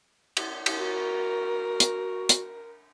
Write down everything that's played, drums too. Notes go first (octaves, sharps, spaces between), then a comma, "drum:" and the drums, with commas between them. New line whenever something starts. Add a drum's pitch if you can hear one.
drum: cymbal
drum: cymbal
F#4 A#4
drum: hi-hat
drum: hi-hat